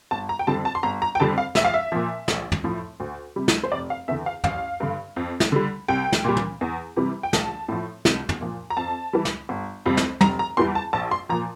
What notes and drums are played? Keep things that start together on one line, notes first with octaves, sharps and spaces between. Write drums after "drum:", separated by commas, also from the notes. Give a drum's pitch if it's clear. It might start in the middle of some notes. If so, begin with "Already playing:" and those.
G1 A5
A#5
G5
F2 D3 G3 A5
A5
C6
G1 A#5
A#5
G5
F2 D3 G3 A5
F5
A#1 E5, drum: snare
F5
E5
A#2 F3
A#1, drum: snare
drum: tom
A2 F3
D2
C3 G3
drum: snare
C5
F1 D5
F5
E2 D3 E5
F5
A1 F5, drum: tom
G2 D3
F2
drum: snare
D3 G3
C2 G5
drum: snare
A#2 G3
drum: tom
E2
C3 E3 G3
G5
A#1 A5, drum: snare
A2 F3
C2, drum: snare
drum: tom
A#2 F3
A#5
F2 A5
E3 G3
drum: snare
G1
F2 C3 G3
drum: snare
F1 A#5, drum: tom
A#5
E2 E3 G3 C6
A5
A#1 A5
C6
A#2 F3 A#5